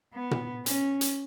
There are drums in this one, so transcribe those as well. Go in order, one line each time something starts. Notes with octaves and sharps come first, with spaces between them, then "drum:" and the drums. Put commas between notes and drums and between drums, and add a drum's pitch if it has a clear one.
B3
drum: tom A#2
C#4, drum: hi-hat
drum: hi-hat